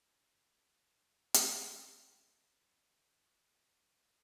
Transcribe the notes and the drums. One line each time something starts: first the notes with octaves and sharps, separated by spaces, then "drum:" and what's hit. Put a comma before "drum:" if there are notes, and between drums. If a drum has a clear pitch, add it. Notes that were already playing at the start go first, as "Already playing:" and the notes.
D3
drum: hi-hat
G#3 E4 D5 D#5 F5 F#5